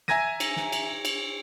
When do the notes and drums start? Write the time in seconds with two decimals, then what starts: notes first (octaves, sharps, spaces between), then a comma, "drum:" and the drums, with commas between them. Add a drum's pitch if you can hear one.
0.08 E5 G#5 A#5 G#6 A#6 D#7, drum: snare
0.40 drum: cymbal
0.56 drum: snare
0.72 drum: cymbal
1.05 drum: cymbal